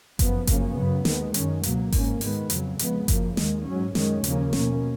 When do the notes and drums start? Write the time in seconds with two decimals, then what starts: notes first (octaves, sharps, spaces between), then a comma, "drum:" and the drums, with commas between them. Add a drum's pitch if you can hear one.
0.19 F#2 F3 B3, drum: kick G1, hi-hat
0.47 F#2 C#3 F3 A#3 C#4, drum: kick G1, hi-hat
0.76 F#2 C#3 F#3 B3
1.05 D#2 D#3 G#3 B3, drum: snare
1.34 F#2 D#3 G#3 C#4, drum: hi-hat
1.63 C#2 B2 F#3 A#3, drum: hi-hat
1.92 G#2 F3 A#3 C#4, drum: kick G1, open hi-hat
2.21 G#2 D#3 G#3 B3, drum: open hi-hat
2.50 F2 C#3 F#3, drum: hi-hat
2.79 F2 C#3 G#3 B3, drum: hi-hat
3.08 F#2 C#3 F3 A#3, drum: kick G1, hi-hat
3.37 D#2 D#3 G#3, drum: snare
3.66 G#2 F#3 C#4
3.95 F#2 D#3 G#3 C#4, drum: snare
4.24 D#2 C#3 F3 A#3 C#4, drum: hi-hat
4.53 B2 A#3 C#4, drum: snare